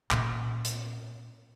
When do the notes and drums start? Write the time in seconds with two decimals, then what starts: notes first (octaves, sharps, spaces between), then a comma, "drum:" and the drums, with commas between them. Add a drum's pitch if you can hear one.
0.11 A#2 C#4, drum: clap
0.65 drum: hi-hat